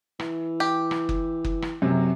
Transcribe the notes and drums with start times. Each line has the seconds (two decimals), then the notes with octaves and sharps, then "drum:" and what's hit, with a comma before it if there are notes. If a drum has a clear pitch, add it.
0.19 E3, drum: rim click
0.60 G4
0.91 drum: rim click
1.09 drum: kick F#1
1.45 drum: kick F#1
1.62 drum: rim click
1.82 F#1 F#2 C3 F#3